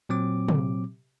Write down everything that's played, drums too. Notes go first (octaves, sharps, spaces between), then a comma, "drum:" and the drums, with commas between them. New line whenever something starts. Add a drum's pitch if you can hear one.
A#2 F#3 C4 D6
drum: tom